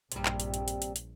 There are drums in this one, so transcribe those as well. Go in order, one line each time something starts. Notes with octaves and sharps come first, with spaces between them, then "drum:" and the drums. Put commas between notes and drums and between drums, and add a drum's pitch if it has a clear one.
A#1 G2 C3 G3, drum: hi-hat
drum: clap
drum: hi-hat
drum: hi-hat
drum: hi-hat
drum: hi-hat
drum: hi-hat